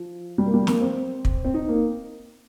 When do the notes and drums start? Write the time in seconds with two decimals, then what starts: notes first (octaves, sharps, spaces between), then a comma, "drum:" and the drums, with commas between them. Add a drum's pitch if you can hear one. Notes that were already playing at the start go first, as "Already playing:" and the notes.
Already playing: F3
0.38 G3
0.46 A#3
0.54 G3
0.67 A#3, drum: snare
0.81 C4
1.25 drum: kick
1.45 C4
1.54 D#4
1.68 A#3